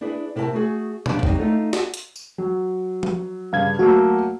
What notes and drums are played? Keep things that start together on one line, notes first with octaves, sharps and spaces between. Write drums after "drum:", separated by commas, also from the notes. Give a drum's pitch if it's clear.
D4 E4 G#4 B4
C3 E4 A#4 C5 A5
A3 F#4 G#4
C#3 F3 B3 D4 E5, drum: tom A#2
F#3 G3 A#3 C4 D#4 C5, drum: kick
A3 D#4 F4 A4
drum: snare
drum: hi-hat
drum: tambourine
F#3
drum: tom F3
G2 C#3 F5 G#6
F#3 A3 A#3 F#4